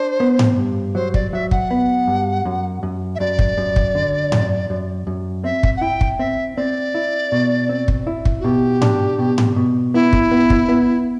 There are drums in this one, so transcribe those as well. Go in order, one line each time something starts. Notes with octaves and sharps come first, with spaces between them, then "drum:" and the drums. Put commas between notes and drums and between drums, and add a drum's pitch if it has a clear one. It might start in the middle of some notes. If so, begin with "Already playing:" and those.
Already playing: D4 C5
B3
drum: tom G#2
G2
F#3 C5
D5, drum: kick
F#3 E5
F#5, drum: kick
B3
G2
F#2
F#2
E5
F#2 D5
drum: kick
F#2
drum: kick
D3
F#2, drum: tom G#2
F#2
F#2
C4 E5
drum: kick
F#5
E4 G5
drum: kick
C4 E5
C4 D5
E4
B2
C4
drum: kick
E4
drum: kick
F#4
B2 G4
D4, drum: tom G#2
B2
drum: tom G#2
B2
B3 E4
drum: kick
B3
drum: kick
B3